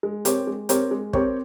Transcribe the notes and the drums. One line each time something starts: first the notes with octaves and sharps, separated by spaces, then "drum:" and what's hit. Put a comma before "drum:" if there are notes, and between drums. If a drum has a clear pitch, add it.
G#3
C4 G4 A#4 C#5, drum: hi-hat
G#3
C4 G4 A#4 C#5, drum: hi-hat
G#3
C4 G4 A#4 C#5, drum: kick